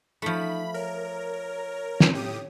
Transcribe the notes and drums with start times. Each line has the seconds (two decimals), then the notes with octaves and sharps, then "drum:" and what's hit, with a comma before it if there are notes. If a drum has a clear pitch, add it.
0.22 F3 A3 D#4 B5
0.74 A#4 C#5
2.00 drum: snare
2.13 A2 G4 C#5 D#6